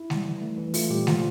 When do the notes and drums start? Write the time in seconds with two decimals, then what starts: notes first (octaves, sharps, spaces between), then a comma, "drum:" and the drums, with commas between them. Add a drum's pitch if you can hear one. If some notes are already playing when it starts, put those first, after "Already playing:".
Already playing: E4
0.10 G3, drum: snare
0.26 E3
0.41 A3
0.58 E3
0.74 A3 F4, drum: open hi-hat
0.90 A#2 G3 G4
1.07 F3 F4, drum: snare